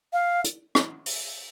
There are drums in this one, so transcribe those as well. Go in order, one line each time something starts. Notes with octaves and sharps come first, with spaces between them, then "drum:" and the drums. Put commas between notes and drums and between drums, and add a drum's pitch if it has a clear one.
F5
drum: hi-hat
drum: rim click
drum: open hi-hat